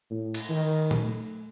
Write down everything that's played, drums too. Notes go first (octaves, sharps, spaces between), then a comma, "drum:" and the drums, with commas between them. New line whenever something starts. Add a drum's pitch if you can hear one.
A2
drum: cymbal
D#3
drum: tom A#2
A3